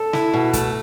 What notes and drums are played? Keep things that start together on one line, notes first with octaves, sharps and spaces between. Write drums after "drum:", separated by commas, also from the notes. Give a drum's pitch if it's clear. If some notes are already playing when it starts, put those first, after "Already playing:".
Already playing: A4
E4, drum: snare
B2
A3, drum: kick, hi-hat